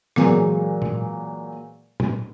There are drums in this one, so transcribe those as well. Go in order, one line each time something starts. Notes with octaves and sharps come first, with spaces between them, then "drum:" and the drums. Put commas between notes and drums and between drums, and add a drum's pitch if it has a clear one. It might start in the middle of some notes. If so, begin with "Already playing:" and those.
A#2 E3 F#3 G#3, drum: rim click
drum: tom
drum: tom